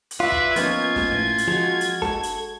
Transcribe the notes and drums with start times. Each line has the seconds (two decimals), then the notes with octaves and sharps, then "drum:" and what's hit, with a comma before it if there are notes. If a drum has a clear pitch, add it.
0.11 drum: hi-hat
0.20 F4 B4 D5 E5
0.32 drum: kick
0.56 F3 A#3 B3 C#4 D#4 F4 C5 G#6, drum: hi-hat
0.96 drum: snare
1.12 A2
1.38 drum: hi-hat
1.48 F3 G#3 F#4
1.81 drum: hi-hat
2.02 A4, drum: snare
2.23 drum: hi-hat